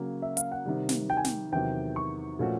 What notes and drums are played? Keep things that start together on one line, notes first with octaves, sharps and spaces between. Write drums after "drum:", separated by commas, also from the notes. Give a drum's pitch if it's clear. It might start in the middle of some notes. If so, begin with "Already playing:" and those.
Already playing: C#3 F#3 A#3
E5
F5, drum: hi-hat
F#5
C3 D#3 G3
drum: snare
G5
G#5
G5, drum: snare
E2 C3 D#3 F#3 G5
C#6
A#2 F3 A3 C#4 F#4